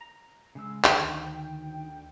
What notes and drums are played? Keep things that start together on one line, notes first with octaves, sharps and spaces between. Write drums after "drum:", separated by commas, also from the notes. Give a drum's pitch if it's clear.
A#5
C#3 G#3 E6
D2 D#3 G5, drum: clap